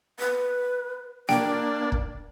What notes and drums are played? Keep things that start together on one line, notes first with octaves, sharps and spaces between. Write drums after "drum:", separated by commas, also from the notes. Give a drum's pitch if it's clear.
B4
A#3 D4 G5, drum: snare A#3
drum: kick